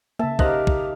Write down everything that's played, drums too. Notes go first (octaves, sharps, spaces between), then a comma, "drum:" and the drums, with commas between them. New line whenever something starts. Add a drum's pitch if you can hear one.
C#3 A#3 E5 A5
D#4 G4 A#4 C5 F5 F#6 A#6, drum: kick
drum: kick